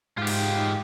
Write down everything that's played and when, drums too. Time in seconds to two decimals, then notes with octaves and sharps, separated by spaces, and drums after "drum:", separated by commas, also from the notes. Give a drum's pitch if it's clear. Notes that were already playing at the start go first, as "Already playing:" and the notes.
0.18 G#2 F4 G4
0.27 drum: cymbal